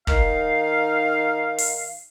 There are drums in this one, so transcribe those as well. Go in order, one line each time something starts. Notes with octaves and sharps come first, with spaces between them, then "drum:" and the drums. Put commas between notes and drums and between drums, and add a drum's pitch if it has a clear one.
D#3 D#4 F5, drum: kick
drum: open hi-hat